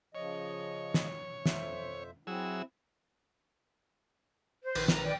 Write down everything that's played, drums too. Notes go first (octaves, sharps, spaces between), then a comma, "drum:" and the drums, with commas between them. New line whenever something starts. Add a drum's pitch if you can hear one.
C#3 F3 C#5 D#5
drum: snare
F2 C5 E5, drum: snare
F#3 C4 E4 G#4 E6
C5
A#1 D#3 B4, drum: cymbal
A#5, drum: snare
D5 G5